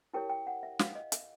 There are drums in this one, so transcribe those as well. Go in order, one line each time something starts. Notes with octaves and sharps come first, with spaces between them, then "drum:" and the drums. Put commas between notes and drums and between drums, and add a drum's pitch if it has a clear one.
E4 G4 A#4 C#5 G5
G5
F#5
E5
F5, drum: snare
D#5
E5, drum: hi-hat